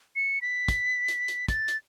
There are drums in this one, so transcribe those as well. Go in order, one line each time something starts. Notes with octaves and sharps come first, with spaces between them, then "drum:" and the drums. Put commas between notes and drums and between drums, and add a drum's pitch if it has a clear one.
C#7
B6
drum: kick, hi-hat
drum: hi-hat
drum: hi-hat
A6, drum: kick, hi-hat
drum: hi-hat